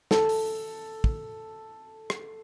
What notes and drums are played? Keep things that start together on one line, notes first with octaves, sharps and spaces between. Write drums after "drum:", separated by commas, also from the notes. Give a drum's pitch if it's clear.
A4, drum: snare
drum: open hi-hat
drum: kick
drum: rim click